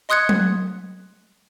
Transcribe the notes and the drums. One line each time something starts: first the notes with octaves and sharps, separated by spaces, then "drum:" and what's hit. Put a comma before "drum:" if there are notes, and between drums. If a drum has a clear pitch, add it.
D#5 C6 D#6 F#6 G#6 C#7
drum: tom F#3